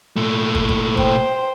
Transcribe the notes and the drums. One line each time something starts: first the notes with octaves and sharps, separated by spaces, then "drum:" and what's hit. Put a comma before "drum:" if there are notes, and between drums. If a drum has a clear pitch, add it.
A#2 A3
drum: kick
drum: kick
C5 G5, drum: kick